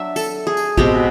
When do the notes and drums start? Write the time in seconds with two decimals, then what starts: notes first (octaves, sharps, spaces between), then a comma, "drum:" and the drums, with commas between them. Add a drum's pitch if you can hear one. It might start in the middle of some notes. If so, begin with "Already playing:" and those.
Already playing: F#3 D4 E5
0.16 A4, drum: tambourine
0.47 G#4
0.57 drum: tambourine
0.77 B2 G#3 C4 G4, drum: kick